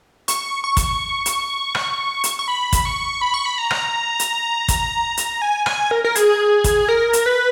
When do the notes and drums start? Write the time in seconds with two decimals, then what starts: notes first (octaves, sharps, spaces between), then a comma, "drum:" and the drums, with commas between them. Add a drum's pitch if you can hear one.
0.28 C#6, drum: hi-hat
0.64 C#6
0.77 drum: kick, hi-hat
1.26 drum: hi-hat
1.75 drum: rim click
2.24 drum: hi-hat
2.39 C#6
2.48 B5
2.73 drum: kick, hi-hat
2.85 C#6
3.21 B5
3.34 C#6
3.46 B5
3.58 A#5
3.70 drum: rim click
4.19 drum: hi-hat
4.68 drum: kick, hi-hat
5.17 drum: hi-hat
5.42 G#5
5.66 G#5, drum: rim click
5.91 A#4
6.04 A#4
6.15 G#4, drum: hi-hat
6.64 drum: kick, hi-hat
6.89 A#4
7.13 drum: hi-hat
7.26 B4